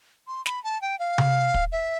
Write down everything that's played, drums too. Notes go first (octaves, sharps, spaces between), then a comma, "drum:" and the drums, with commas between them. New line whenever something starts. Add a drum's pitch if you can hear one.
C6
B5, drum: snare
A5
G5
F5
drum: tom C3
drum: kick
E5